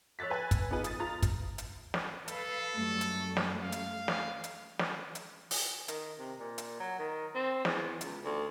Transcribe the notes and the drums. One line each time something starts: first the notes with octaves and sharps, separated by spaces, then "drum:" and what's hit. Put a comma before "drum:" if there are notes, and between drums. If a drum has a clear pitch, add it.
C#5 E6 F#6 A6 B6
B4 G#5
drum: kick, hi-hat
B3 D#4 F4 G#4 B4
D#6 A6, drum: hi-hat
F4 A#5 A6
drum: kick, hi-hat
drum: hi-hat
drum: snare
A4 B4 F5, drum: hi-hat
F#2 G3 A3
drum: hi-hat
drum: snare
F5
drum: hi-hat
drum: snare
drum: hi-hat
drum: snare
drum: hi-hat
drum: open hi-hat
D#3, drum: hi-hat
C3
A#2
drum: hi-hat
F#3
D#3
C4
E2, drum: snare
C#2, drum: hi-hat
D2